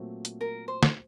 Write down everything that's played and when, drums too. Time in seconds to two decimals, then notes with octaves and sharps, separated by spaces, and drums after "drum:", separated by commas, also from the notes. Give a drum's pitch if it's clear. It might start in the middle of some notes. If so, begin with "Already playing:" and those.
Already playing: A#2 F#3 A3 C4
0.25 drum: hi-hat
0.41 A#4
0.68 C5
0.83 drum: snare